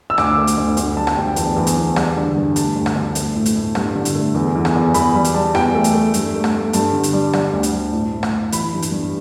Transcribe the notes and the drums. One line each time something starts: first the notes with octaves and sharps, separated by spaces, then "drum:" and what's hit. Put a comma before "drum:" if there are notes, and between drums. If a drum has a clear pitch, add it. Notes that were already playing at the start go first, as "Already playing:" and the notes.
E6
D2 D6, drum: rim click
A3
drum: hi-hat
D2
D2, drum: hi-hat
G3 A5
drum: rim click
D2 G5
G5
E2 A5, drum: hi-hat
E2
drum: hi-hat
E2
G3, drum: rim click
D3
G2
A3 A5, drum: hi-hat
D2
drum: rim click
D2
A3, drum: hi-hat
A2
drum: hi-hat
A2
G2, drum: rim click
D3
drum: hi-hat
A3
E2
E2
drum: rim click
E2
E2 B5, drum: hi-hat
G3 B5
drum: hi-hat
G3 A5
E2 G5, drum: rim click
A3
drum: hi-hat
A3
G2, drum: hi-hat
A3
drum: rim click
A3
G2 A5, drum: hi-hat
D3
drum: hi-hat
G3
G3, drum: rim click
D2
drum: hi-hat
G3
A2
A2
drum: rim click
A2
E3 B5, drum: hi-hat
G2
drum: hi-hat
G2